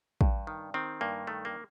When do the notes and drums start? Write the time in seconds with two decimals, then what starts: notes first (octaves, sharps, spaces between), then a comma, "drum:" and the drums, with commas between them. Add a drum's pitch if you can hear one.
0.21 G2, drum: kick
0.47 D#3
0.74 D#3 C4
1.01 G2 A#3
1.27 D#3 A3
1.45 A#3